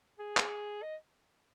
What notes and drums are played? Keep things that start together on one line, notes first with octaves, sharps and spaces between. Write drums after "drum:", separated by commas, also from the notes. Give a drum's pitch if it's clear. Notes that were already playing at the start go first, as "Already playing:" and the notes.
G#4
drum: clap
D#5